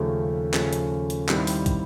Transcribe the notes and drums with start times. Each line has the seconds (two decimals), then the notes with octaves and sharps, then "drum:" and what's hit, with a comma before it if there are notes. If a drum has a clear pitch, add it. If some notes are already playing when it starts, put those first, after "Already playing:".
Already playing: D#2 C#3 F3 A3 C#4
0.53 D#2 C#3 F3 A3 C#4, drum: clap
0.73 drum: hi-hat
1.10 drum: hi-hat
1.28 D#2 D#3 G3 C4 E4, drum: clap
1.47 drum: open hi-hat
1.66 drum: kick, hi-hat